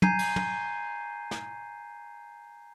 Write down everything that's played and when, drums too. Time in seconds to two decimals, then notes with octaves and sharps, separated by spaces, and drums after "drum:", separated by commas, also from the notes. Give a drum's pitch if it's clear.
0.02 G#5 A#5 G6 G#6 C7 D#7, drum: tom
0.19 drum: cymbal
0.36 drum: tom
1.31 drum: snare